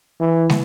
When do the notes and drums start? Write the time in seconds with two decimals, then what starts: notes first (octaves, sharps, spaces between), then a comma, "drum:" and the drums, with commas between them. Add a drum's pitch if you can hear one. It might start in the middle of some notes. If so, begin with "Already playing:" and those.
0.21 E3
0.50 drum: snare